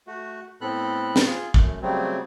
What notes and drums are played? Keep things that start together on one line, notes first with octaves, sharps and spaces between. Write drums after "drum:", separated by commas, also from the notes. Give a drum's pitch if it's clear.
A3 F#4
A2 B3 C4 A4 B5 F#6
drum: snare
F4 G#4
F#2 A3, drum: kick
C#3 F#3 G3 A3 C4